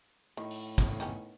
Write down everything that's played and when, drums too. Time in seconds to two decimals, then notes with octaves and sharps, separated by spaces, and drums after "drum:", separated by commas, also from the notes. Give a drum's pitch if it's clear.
0.37 A2 D#3
0.51 drum: open hi-hat
0.78 drum: kick, hi-hat
1.00 D#3 B3 C#4